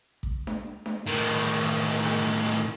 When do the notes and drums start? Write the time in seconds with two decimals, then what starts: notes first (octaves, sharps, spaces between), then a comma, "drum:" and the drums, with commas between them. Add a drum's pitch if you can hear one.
0.23 drum: kick A1
0.47 drum: snare D4
0.86 drum: snare D4
1.06 A2 D#3
2.05 drum: rim click